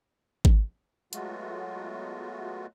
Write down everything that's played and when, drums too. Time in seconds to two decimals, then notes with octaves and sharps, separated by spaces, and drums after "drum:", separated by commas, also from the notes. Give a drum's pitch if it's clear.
0.45 drum: kick G#1
1.13 F#3 G#3 A3 B3 F4 F#4, drum: hi-hat